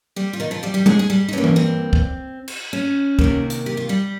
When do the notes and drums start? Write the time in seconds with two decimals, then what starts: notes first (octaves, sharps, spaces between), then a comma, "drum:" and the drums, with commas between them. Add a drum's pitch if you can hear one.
0.16 G3 G4
0.33 F4
0.40 D#3 D#4
0.51 F3 F4
0.63 G3 G4
0.74 G3 G4
0.86 G#3 G#4, drum: tom G3
0.99 G#4
1.10 G3 G4
1.29 D#4
1.33 G2 G3 A#3 C#4
1.44 drum: tom E3
1.56 C4
1.93 drum: kick
2.48 drum: cymbal
2.73 C#4
3.19 C3 D#3 A#3, drum: kick
3.50 drum: hi-hat
3.66 G4
3.77 F4
3.89 G3 G4